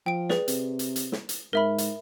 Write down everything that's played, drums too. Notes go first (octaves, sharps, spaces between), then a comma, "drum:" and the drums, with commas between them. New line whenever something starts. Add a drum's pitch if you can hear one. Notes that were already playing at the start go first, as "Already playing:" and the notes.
F3 G5 D7
G#4 B4 D5, drum: snare
C3, drum: hi-hat
drum: hi-hat
drum: hi-hat
drum: snare
drum: hi-hat
G#2 A#4 E5 B5
drum: hi-hat